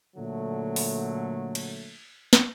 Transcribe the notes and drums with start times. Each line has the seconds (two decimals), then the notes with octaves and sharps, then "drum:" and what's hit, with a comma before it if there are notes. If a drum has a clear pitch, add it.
0.17 A#2 D3 F#3 A3
0.76 drum: open hi-hat
1.55 drum: cymbal
2.33 drum: snare